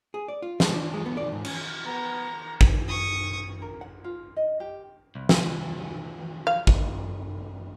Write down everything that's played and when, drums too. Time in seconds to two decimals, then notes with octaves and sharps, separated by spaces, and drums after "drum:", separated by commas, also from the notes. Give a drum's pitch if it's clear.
0.14 G#4
0.28 D5
0.42 F4
0.60 G#3, drum: snare
0.74 D4
0.94 G#3
1.06 B3
1.17 D5
1.32 G#2
1.45 C#4, drum: cymbal
1.85 B3 A#5
2.61 drum: kick
2.88 C#6 D#6
3.62 A#4
3.81 F#5
4.04 F4
4.36 D#5
4.60 G4
5.15 C2
5.29 drum: snare
6.47 F5
6.67 drum: kick